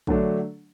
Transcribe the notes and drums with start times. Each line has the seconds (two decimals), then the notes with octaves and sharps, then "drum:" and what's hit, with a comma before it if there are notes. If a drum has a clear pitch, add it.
0.07 D3 F#3 A3 D4, drum: kick